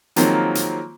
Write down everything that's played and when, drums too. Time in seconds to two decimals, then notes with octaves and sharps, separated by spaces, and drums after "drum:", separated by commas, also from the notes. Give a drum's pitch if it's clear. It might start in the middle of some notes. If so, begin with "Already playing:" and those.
0.16 D#3 F3 F#3 G#3 A#3 C4, drum: hi-hat
0.55 drum: hi-hat